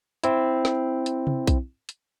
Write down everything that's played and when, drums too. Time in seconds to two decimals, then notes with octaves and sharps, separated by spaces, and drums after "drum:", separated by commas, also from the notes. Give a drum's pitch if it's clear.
0.24 C4 E4, drum: hi-hat
0.65 drum: snare
1.06 drum: hi-hat
1.27 drum: tom C3
1.47 drum: kick B1, hi-hat
1.89 drum: hi-hat